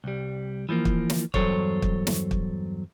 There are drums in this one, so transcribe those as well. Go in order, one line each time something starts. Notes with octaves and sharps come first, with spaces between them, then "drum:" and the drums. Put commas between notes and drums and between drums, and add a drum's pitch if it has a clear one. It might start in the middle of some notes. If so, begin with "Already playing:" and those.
C2 G3
E3 F3 G3 A#3
drum: kick
drum: snare
E2 G2 F#3 A4 C5 C#5, drum: kick
drum: kick
drum: snare
drum: kick